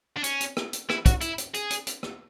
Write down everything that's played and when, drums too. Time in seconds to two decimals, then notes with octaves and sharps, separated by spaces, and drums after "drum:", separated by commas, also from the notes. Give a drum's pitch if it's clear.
0.17 D4
0.24 C#4, drum: hi-hat
0.41 drum: hi-hat
0.57 drum: rim click
0.73 drum: hi-hat
0.90 E4, drum: rim click
1.06 F#4, drum: kick, hi-hat
1.21 E4, drum: hi-hat
1.38 drum: hi-hat
1.54 G#4, drum: hi-hat
1.70 drum: hi-hat
1.87 drum: hi-hat
2.03 drum: rim click